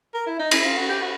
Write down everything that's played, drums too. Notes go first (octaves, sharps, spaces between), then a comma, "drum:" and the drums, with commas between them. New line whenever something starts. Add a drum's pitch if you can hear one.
A#4
E4
D#4
E4, drum: cymbal
F4
F#4
G4
F#4